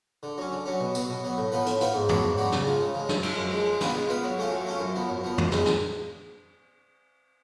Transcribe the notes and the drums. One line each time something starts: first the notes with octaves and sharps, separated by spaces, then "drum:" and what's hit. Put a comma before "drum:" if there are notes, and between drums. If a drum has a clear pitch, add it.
D3
F#3 C#4
D3
F#3 C#4
B2
F#3 B3, drum: tambourine
B2
F#3 B3
A2
F3 B3 F4 B4
A2, drum: hi-hat
F3 B3 F4 B4, drum: hi-hat
G#2
F#3 B3 D4 F#4, drum: tom
G#2
F#3 B3 D4 F#4
C#3, drum: snare
F3 G#3
C#3
F3 G#3
F#2, drum: snare
F3 G#3, drum: cymbal
F#2
F3 G#3
G#3
B3 F4 B4, drum: snare
G#3
B3 F4 B4
F#3
A3 C#4 F4
F#3
A3 C#4 F4
F#2
F3 B3
F#2
F3 B3
F#2, drum: tom
F3 G#3 B3, drum: snare
drum: snare